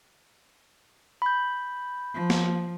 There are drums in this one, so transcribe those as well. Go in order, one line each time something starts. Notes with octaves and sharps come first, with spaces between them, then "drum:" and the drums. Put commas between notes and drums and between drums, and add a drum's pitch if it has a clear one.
B5 G6
F3
drum: snare